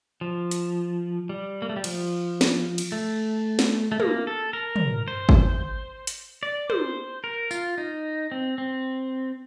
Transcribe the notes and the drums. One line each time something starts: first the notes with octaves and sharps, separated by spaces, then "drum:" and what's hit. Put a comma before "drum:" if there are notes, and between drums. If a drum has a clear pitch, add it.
F3
drum: hi-hat
G3
A#3
A3
G3
F3, drum: cymbal
drum: snare
drum: cymbal
A3
drum: snare
A3
A#3, drum: tom
A4
A#4
drum: tom
C5
drum: kick
drum: hi-hat
D5
C5, drum: tom
A#4
F4, drum: tambourine
D#4
C4
C4